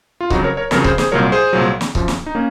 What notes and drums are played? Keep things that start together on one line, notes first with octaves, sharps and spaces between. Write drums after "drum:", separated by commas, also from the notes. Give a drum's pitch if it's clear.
F4
F2 C#3 F#3 D#4 F#4, drum: kick C#1
A#4 C#5
A#4 C#5
F2 C#3 F#3 A#4 C#5, drum: snare
G#4 C5, drum: kick C#1
G#4 C5, drum: snare
C2 A#2 F#3 A#4 C#5
G#4 C5
C2 A#2 F#3
drum: snare
F#2 F3, drum: kick C#1
drum: snare
D#4
A#3 C#4